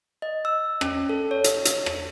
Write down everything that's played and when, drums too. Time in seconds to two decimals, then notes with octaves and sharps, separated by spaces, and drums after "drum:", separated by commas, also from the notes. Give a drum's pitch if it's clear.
0.22 D#5
0.45 E6
0.81 C#4, drum: rim click
1.09 A4
1.31 C#5
1.44 drum: hi-hat
1.65 drum: hi-hat
1.86 drum: rim click